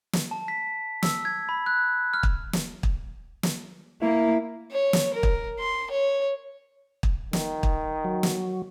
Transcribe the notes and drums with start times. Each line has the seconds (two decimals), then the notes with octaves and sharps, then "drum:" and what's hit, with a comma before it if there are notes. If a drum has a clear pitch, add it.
0.13 drum: snare
0.31 A5
0.48 B6
1.03 E6, drum: snare
1.25 G#6
1.49 B5
1.66 F#6
2.14 F6
2.23 drum: kick
2.53 drum: snare
2.83 drum: kick
3.43 drum: snare
4.01 A#3 E4
4.72 C#5
4.93 drum: snare
5.14 A#4
5.23 drum: kick
5.60 C6
5.91 C#5
7.03 drum: kick
7.33 D#3, drum: snare
7.63 drum: kick
8.05 F#3
8.23 drum: snare